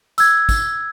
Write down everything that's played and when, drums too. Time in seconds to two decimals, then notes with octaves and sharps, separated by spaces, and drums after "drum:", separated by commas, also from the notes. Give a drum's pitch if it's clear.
0.18 E6 G#6, drum: tambourine
0.49 drum: kick, tambourine